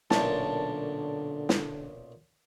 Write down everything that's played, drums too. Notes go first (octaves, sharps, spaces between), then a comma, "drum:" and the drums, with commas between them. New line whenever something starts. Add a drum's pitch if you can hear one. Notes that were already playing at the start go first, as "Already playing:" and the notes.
B1 F#2 A#2 D3 A5, drum: snare
drum: snare